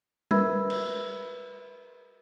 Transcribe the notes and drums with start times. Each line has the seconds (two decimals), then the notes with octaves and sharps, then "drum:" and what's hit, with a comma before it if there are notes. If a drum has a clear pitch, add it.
0.31 A#4 B4 E5 B5 E6 G#6, drum: tom G3
0.70 drum: cymbal